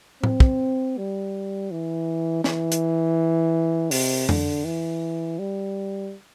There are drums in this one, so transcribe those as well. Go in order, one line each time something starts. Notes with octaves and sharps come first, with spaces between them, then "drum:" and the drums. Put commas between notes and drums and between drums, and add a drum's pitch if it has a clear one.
C4, drum: tom A2
drum: kick
G3
E3
E3, drum: snare
drum: hi-hat
C3, drum: open hi-hat
D3, drum: tom F2
E3
G3